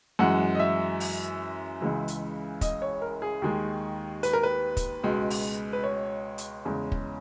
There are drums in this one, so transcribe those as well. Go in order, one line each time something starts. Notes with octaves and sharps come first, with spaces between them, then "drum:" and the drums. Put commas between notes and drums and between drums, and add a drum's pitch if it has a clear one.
F#2 E3 G#3 F#5
D#5
E5
drum: open hi-hat
C#2 C#3 E3 G#3
drum: hi-hat
D#5, drum: kick, hi-hat
C#5
A#4
G#4
D#2 D#3 G#3
B4, drum: hi-hat
A#4
B4
drum: kick, hi-hat
C#2 B2 G#3
drum: open hi-hat
B4
C#5
drum: hi-hat
E2 C#3 G#3
drum: kick